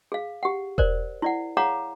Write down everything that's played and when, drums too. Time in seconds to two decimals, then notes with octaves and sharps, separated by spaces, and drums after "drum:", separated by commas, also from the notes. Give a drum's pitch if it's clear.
0.12 G#4 F5
0.43 G4 F#5
0.78 A#4 C5 D5, drum: kick E1
1.22 E4 D5 F#5
1.57 G#4 C#5 F5 F#5 A#5 D6